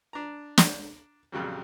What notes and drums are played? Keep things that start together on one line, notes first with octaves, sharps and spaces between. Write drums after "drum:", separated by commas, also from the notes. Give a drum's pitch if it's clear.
D4 A#5
drum: snare
A#1 F2 C#3 F#3 G3